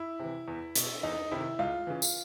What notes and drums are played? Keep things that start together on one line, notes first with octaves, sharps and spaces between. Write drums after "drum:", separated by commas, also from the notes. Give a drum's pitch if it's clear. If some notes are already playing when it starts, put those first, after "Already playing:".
Already playing: E4
C3 E3
E2
B2, drum: hi-hat
E2 D#4
C3 D#3 E4
C#2 F4
C#3 E3
drum: tambourine